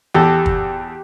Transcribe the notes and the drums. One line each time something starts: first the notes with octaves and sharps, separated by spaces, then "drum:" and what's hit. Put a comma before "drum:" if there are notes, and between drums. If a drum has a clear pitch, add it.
E2 G4 A4
drum: kick